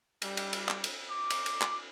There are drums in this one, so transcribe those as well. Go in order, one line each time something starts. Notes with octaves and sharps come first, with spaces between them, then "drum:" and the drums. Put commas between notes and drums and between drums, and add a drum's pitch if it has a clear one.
G3, drum: cymbal
drum: cymbal
drum: cymbal
drum: clap
drum: cymbal
D6
drum: cymbal
drum: cymbal
drum: clap